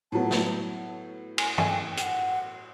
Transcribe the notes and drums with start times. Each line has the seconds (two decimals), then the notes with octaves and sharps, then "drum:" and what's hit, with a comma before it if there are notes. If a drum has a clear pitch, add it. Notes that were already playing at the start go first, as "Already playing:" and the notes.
0.12 A2 F#3 B3 A5
0.31 drum: snare
1.38 G#5, drum: cymbal
1.58 G#5, drum: tom G2
1.70 G5
1.97 G5, drum: hi-hat
2.02 F#5